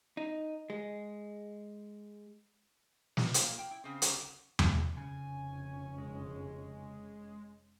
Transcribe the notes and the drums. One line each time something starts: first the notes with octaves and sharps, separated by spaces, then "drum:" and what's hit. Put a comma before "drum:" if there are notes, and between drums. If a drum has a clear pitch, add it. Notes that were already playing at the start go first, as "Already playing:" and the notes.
D#4
G#3
drum: snare
A#3 F4 F5, drum: hi-hat
G5
E4
C#3 C4
C#3 F#3 A3 G4 A#4 F#5, drum: hi-hat
drum: tom E2
F1 C#3 C#4 G#5
G#3